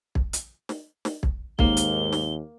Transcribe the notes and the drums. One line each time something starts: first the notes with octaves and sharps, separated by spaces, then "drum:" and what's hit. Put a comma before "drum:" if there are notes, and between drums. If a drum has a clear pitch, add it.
drum: kick
drum: hi-hat
drum: snare
drum: snare
drum: kick
D#2 G#2 A#3 A#4 G7, drum: kick
drum: hi-hat
drum: snare